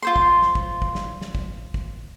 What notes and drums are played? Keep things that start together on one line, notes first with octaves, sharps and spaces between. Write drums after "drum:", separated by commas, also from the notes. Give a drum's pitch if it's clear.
F4 C5 C6
drum: kick
drum: snare
drum: kick
drum: kick
drum: snare
drum: snare
drum: kick
drum: kick